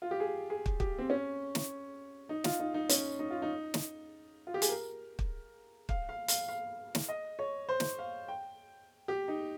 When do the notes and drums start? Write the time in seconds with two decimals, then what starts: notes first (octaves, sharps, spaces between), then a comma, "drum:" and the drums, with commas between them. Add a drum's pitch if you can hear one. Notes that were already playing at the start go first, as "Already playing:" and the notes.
0.02 F4
0.11 G4
0.20 G#4
0.50 G#4
0.66 drum: kick
0.80 G4, drum: kick
0.99 C4
1.10 C#4
1.55 drum: snare
2.29 D#4
2.44 F4, drum: snare
2.59 D#4
2.74 D#4
2.89 C#4, drum: hi-hat
3.19 D#4
3.30 F4
3.42 D#4
3.74 drum: snare
4.47 F4
4.54 G4
4.62 G#4, drum: hi-hat
4.69 A#4
5.19 drum: kick
5.89 F5, drum: kick
6.09 F5
6.28 F5, drum: hi-hat
6.48 F5
6.95 drum: snare
7.09 D#5
7.39 C#5
7.69 C5
7.80 drum: snare
7.99 F5
8.28 G5
9.08 G4
9.28 D#4